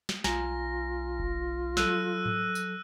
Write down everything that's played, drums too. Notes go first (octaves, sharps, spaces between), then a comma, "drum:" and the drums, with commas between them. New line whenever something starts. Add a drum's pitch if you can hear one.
drum: snare
B1 F4 G#5 A#5 A#6, drum: snare
drum: kick F1
F#3 A4 E6 F#6 D#7, drum: snare
drum: tom G#2
drum: tambourine